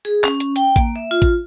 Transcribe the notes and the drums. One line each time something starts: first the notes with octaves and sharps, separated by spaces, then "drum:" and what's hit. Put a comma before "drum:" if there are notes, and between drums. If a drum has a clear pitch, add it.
G#4
C#4, drum: clap
drum: hi-hat
G5, drum: hi-hat
A#3, drum: kick A1, hi-hat
E5
F4
drum: kick A1, hi-hat